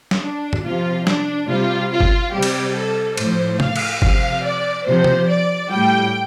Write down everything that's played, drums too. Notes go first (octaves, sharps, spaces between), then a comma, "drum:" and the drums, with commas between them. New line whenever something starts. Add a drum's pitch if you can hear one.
drum: snare
D4
drum: tom
C3 F3 F4
D4, drum: snare
C3 G3 F4
F4
drum: kick G1
C3 G3 G4
drum: cymbal
A4
A2 F3 C5, drum: cymbal
F5, drum: tom
drum: cymbal
C3 F3 F5, drum: kick G1
D5
C3 F3 C5
drum: tom
D5
A2 G3 G5